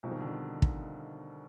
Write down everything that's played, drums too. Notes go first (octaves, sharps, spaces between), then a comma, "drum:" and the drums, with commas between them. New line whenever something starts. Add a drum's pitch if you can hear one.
B1 B2 F3 G3 C4
D#3
D3
D#3
drum: kick